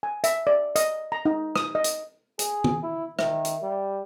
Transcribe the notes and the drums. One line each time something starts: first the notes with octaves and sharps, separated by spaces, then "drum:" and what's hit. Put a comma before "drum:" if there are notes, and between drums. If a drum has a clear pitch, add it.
G#5
E5, drum: hi-hat
D5
D#5, drum: hi-hat
A#5
D#4
D#6, drum: rim click
D#5
drum: hi-hat
G#4, drum: hi-hat
drum: tom
E4
D#3 E5, drum: rim click
drum: hi-hat
G3